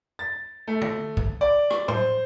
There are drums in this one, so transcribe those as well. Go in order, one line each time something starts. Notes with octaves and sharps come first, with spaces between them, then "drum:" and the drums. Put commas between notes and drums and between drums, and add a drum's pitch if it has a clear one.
A6
A3
drum: tom
drum: kick
D5
drum: rim click
C5, drum: tom